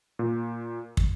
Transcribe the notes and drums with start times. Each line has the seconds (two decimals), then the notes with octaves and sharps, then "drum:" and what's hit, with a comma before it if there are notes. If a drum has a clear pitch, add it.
0.19 A#2
0.97 drum: kick